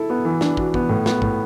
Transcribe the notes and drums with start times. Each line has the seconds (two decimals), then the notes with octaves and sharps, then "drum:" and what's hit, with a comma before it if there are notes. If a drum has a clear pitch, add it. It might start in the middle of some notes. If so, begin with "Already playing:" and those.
Already playing: E4 A4
0.10 B3
0.25 E3
0.41 D4, drum: snare
0.57 F#4, drum: kick
0.74 B3, drum: kick
0.89 A2
1.06 B3, drum: snare
1.22 A2, drum: kick